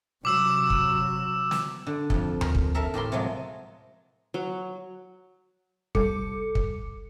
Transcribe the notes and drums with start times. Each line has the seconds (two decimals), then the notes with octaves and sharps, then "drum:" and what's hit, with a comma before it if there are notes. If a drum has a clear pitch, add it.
0.25 C3 F#3 D6 E6 E7
0.70 drum: kick
1.51 drum: snare
1.87 D3
2.10 F2 F3, drum: kick
2.41 A#4, drum: tom D2
2.55 drum: kick
2.74 A4 A#4 E5 A#5
2.94 A2 G4 A#4 C6
3.12 C3 F3 F#3 G#3
4.34 F#3
5.95 C2 G3 A4 D6 C#7, drum: kick
6.55 drum: kick